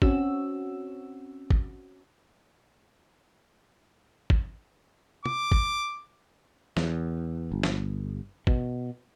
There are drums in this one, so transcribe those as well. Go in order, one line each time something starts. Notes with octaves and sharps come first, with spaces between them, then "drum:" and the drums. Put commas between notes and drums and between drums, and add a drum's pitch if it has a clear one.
C4 C#4 F#4 E6, drum: kick
drum: kick
drum: kick
D6, drum: tom
drum: kick
E2, drum: snare
G1
drum: snare
B2, drum: kick